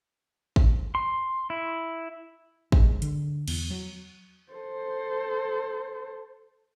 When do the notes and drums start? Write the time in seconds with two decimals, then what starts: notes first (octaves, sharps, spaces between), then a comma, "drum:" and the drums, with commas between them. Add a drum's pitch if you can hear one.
0.56 drum: kick
0.95 C6
1.50 E4
2.72 G#3, drum: kick
3.02 D3, drum: hi-hat
3.48 E2, drum: cymbal
3.70 F#3
4.52 A4 C5